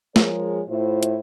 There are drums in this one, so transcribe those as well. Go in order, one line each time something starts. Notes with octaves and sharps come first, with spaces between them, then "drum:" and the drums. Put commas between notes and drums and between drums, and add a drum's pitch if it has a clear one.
F3 G#3 G#4 A#4 C#5, drum: snare
A2 E4 F4 C5
drum: hi-hat